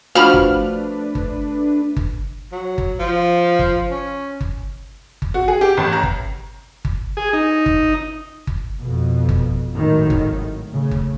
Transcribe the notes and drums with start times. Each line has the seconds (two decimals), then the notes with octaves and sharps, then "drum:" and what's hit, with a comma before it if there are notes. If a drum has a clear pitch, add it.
0.15 F3 A3 D4 F#4 B4 B5 F6
0.34 drum: kick G1
1.15 drum: kick G1
1.96 drum: kick G1
2.52 F#3
2.78 drum: kick G1
2.99 F3
3.59 drum: kick G1
3.91 C#4
4.41 drum: kick G1
5.22 drum: kick G1
5.34 F#4
5.48 G#4
5.61 G4
5.77 A1
5.93 A#5
6.03 drum: kick G1
6.85 drum: kick G1
7.17 G#4
7.33 D#4
7.66 drum: kick G1
8.47 drum: kick G1
8.79 F2 B2
9.29 drum: kick G1
9.74 G#1 A2 D#3 F#3
10.10 drum: kick G1
10.71 A2 C#3
10.91 drum: kick G1